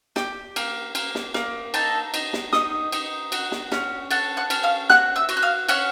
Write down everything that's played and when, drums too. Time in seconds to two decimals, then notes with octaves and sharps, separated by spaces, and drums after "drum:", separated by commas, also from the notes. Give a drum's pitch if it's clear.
0.16 G4, drum: snare
0.56 A#3, drum: cymbal
0.95 A#3, drum: cymbal
1.15 drum: snare
1.34 A#3, drum: snare
1.74 D#4 A4 A5, drum: cymbal
2.14 D#4, drum: cymbal
2.33 drum: snare
2.53 D#4 D#5 D#6, drum: snare
2.92 D#4, drum: cymbal
3.32 F#4, drum: cymbal
3.52 drum: snare
3.72 C#4, drum: snare
4.11 A4 F#5 F#6, drum: cymbal
4.37 F#5 F#6
4.50 C#4, drum: cymbal
4.63 F5 F6
4.90 F#4 F#5 F#6, drum: snare
5.16 E5 E6
5.29 F#4, drum: cymbal
5.37 F#6
5.42 F5 F6
5.69 C#4 F#5 F#6, drum: cymbal